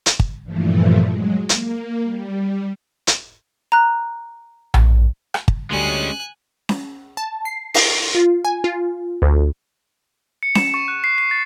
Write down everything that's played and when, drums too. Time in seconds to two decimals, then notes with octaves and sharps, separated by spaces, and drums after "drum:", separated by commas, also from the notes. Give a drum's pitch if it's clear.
0.06 drum: hi-hat
0.19 drum: kick
0.43 G2 A#2 E3 F3 A3
1.04 F#3 G#3
1.49 A#3, drum: hi-hat
2.02 G3
3.07 drum: hi-hat
3.72 A#5 F#6
4.74 drum: tom A#1
5.34 drum: rim click
5.48 drum: kick
5.71 D2 G3 G#3 C#4 G#5 F#6
6.69 drum: snare C#4
7.17 A5
7.45 C7
7.74 C7, drum: open hi-hat
8.15 F4
8.45 G#5
8.64 F4
9.22 D2
10.43 C#7
10.55 E7, drum: snare C#4
10.74 C#6
10.88 F#6
11.04 C7
11.18 C7
11.31 A6